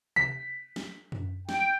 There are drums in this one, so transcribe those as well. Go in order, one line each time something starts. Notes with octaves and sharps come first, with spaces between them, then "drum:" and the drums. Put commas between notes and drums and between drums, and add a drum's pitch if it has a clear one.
B6, drum: tom C3
drum: snare
drum: tom F#2
G5, drum: snare